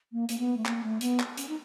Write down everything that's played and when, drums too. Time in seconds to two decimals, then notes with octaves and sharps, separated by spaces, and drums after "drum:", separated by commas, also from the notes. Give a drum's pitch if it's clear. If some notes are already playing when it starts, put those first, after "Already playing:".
0.12 A#3
0.29 A#3, drum: hi-hat
0.39 B3
0.57 A3
0.66 A#3, drum: clap
0.83 A3
1.01 B3, drum: hi-hat
1.20 drum: clap
1.37 C#4, drum: hi-hat
1.49 D#4